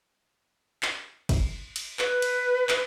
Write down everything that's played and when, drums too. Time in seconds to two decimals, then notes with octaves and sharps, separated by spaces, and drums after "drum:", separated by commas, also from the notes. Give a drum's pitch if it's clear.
0.83 drum: clap
1.29 drum: kick G1, cymbal
1.76 drum: cymbal
1.99 B4, drum: clap
2.22 drum: cymbal
2.69 drum: clap